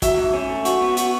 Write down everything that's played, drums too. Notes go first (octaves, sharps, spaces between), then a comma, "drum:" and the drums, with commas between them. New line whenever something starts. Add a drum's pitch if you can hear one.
F#3 E5, drum: kick, hi-hat
G#2
C#4
A3
F#4, drum: hi-hat
B3
F#4, drum: hi-hat